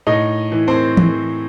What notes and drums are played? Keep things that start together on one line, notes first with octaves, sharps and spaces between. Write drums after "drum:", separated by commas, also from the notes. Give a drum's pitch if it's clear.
A2 D#4 D#5
E3
C4 C5
E3, drum: tom E3